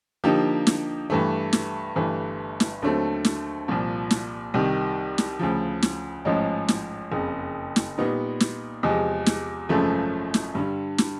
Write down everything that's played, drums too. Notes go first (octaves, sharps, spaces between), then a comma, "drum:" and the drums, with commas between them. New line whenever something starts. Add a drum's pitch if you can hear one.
D3 F3 A#3 D#4 G4
drum: snare
G2 E3 A3
drum: snare
G1 G2 E3 A3
drum: snare
D#2 D3 F#3 A3 C4
drum: snare
C2 A#2 F3
drum: snare
C2 C3 D#3
drum: snare
D2 C#3 F3
drum: snare
A1 G#2 F3 G#3 C#4
drum: snare
F#1 F2 C#3
drum: snare
A#2 G3 B3 D#4
drum: snare
E2 C3 F3 G#3
drum: snare
G#1 F#2 C#3 F3 A3
drum: snare
G2 D3 G3
drum: snare